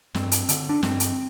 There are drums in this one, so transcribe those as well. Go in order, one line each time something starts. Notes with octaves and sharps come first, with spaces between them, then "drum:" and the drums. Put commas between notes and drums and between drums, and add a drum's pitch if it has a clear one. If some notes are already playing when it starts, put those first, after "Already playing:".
G2 C4, drum: snare
drum: hi-hat
D3, drum: hi-hat
D4
G2 C4, drum: snare
drum: hi-hat